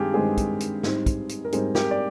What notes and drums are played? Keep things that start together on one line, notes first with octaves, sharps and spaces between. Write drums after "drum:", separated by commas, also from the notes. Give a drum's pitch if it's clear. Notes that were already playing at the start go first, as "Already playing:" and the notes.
Already playing: G2 D#3 G#3 C4 G4 G#4
G2 D#3 G#3 C4 G#4
drum: kick, hi-hat
drum: hi-hat
G#2 G3 C4 D#4, drum: snare
drum: kick, hi-hat
drum: hi-hat
A#4
G#2 G3 C4 D#4 G#4, drum: hi-hat
G4 A#4, drum: snare
D5